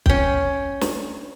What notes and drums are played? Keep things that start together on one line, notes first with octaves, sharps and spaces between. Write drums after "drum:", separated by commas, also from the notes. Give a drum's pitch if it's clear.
C#4 G5, drum: kick B1
drum: snare